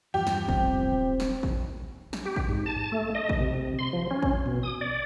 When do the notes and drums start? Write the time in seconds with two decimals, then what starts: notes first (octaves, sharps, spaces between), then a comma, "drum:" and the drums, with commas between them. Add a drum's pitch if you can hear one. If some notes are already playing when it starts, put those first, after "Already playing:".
0.14 E2 G2 F3 G4
0.27 drum: snare
0.49 D#1 C4, drum: kick A1
1.20 drum: snare
1.43 drum: kick A1
2.13 drum: snare
2.26 G4
2.36 drum: kick A1
2.49 G#2
2.66 A5
2.92 A3
3.15 D#5
3.29 drum: kick A1
3.40 C3
3.79 C6
3.93 F3
4.11 C#4
4.22 drum: kick A1
4.46 B2
4.63 D#6
4.81 D5